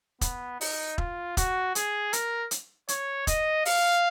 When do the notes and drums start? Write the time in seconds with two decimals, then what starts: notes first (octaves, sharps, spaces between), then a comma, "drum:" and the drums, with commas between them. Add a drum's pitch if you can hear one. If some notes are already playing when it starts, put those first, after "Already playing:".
0.21 B3, drum: kick E1, hi-hat
0.61 D#4, drum: open hi-hat
0.98 F4, drum: kick E1
1.37 F#4, drum: kick E1, hi-hat
1.75 G#4, drum: hi-hat
2.13 A#4, drum: hi-hat
2.51 drum: hi-hat
2.88 C#5, drum: hi-hat
3.27 D#5, drum: kick E1, hi-hat
3.65 F5, drum: open hi-hat